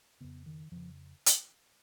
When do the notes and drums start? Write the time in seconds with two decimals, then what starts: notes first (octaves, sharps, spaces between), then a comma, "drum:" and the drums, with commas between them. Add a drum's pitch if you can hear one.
0.20 F2 C#3 B3
0.46 D#3
0.72 F2 C#3 F3
1.26 drum: hi-hat